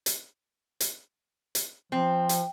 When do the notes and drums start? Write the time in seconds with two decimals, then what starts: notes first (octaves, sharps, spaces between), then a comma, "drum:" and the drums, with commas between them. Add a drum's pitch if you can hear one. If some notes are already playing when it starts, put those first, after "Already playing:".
0.06 drum: hi-hat
0.80 drum: hi-hat
1.55 drum: hi-hat
1.92 F3 C4
2.29 drum: hi-hat